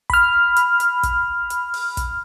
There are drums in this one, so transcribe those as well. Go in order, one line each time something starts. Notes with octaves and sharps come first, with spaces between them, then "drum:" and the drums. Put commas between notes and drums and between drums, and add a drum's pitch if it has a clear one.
B5 F6, drum: kick
drum: hi-hat
drum: hi-hat
drum: kick, hi-hat
drum: hi-hat
drum: open hi-hat
drum: kick, hi-hat